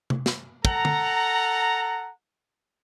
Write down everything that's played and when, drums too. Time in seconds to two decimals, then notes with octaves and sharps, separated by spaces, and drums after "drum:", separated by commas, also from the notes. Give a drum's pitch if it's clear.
0.10 drum: tom C3
0.26 drum: snare
0.65 A4 F#5 A#5, drum: kick
0.85 drum: tom